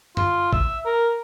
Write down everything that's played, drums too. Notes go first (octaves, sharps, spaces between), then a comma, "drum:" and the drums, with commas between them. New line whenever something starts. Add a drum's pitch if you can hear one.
F4, drum: tom F#2
E5, drum: kick A1
A#4